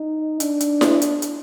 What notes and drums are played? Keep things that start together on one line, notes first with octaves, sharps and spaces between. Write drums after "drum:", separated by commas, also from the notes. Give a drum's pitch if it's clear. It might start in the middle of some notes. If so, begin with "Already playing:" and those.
Already playing: D#4
D4, drum: hi-hat
drum: hi-hat
drum: snare E4
drum: hi-hat
drum: hi-hat